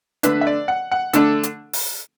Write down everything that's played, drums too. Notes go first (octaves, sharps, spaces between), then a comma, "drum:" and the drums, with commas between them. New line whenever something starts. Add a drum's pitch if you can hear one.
D3 A3 D4 B4, drum: hi-hat
E5
D5
F#5
F#5
D3 A3 D4 A4, drum: hi-hat
drum: hi-hat
drum: open hi-hat